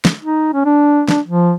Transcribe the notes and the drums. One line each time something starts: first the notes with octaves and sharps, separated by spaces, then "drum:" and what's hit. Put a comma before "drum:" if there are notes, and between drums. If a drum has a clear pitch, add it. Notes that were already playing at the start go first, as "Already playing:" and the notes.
drum: snare
D#4
C#4
D4
D4, drum: snare
F3